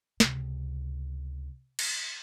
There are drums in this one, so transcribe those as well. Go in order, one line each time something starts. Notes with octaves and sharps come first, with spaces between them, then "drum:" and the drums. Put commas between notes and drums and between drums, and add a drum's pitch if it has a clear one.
C#2 C3, drum: snare
drum: cymbal